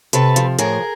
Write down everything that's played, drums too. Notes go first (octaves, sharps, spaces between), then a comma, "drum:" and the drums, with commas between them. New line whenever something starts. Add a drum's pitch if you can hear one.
C3 A4 B4, drum: hi-hat
F3, drum: hi-hat
A2 G#4 A#4, drum: hi-hat